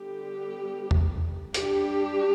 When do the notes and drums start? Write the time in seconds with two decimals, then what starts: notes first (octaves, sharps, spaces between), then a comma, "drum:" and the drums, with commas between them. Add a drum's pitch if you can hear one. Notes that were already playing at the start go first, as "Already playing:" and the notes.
Already playing: D3 G3 B3 G4
0.91 drum: tom E2
1.54 G3 D4 G4, drum: hi-hat